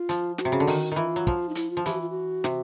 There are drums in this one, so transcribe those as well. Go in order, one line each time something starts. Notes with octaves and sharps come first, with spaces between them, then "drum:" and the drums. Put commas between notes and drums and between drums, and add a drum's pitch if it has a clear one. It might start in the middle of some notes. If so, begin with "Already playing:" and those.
Already playing: F4
F3, drum: hi-hat
F#4, drum: snare
C3
C#3
D3
D#3, drum: open hi-hat
D#3 E3 F4
F#3
F3, drum: kick
D#4
E4, drum: hi-hat
F4
F3
E3 G4, drum: hi-hat
F#4
F4
F#4
C3, drum: snare